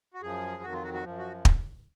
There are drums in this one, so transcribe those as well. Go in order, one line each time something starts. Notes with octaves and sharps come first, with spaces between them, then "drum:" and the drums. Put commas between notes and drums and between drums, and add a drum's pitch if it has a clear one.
F#4
F#2 F3 G#4
F2 D#3 F#3 F#4
F4
F#4
F#4
F#2 F3
F#4
drum: kick